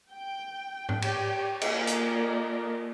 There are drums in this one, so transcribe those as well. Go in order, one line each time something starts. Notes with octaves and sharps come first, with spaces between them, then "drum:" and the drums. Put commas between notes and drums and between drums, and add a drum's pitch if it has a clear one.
G5
drum: tom G#2
G4 C#5 D5 G5, drum: cymbal
A#3 F4 A4 A#4 D5 D#5, drum: cymbal
drum: hi-hat